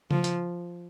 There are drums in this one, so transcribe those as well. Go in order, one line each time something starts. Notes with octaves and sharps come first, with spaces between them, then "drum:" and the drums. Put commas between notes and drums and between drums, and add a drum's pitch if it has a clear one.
F3, drum: tom C#3
drum: hi-hat